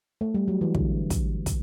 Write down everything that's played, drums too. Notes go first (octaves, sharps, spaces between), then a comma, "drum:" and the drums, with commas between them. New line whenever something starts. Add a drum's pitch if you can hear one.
A3
G3
F#3
E3
D3, drum: kick
drum: kick, hi-hat
drum: kick, hi-hat